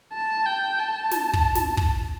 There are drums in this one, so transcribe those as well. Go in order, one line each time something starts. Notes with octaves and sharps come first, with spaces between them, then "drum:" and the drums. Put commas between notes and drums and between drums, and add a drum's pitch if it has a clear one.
A5
G5
A5
drum: snare
drum: kick
drum: snare
drum: kick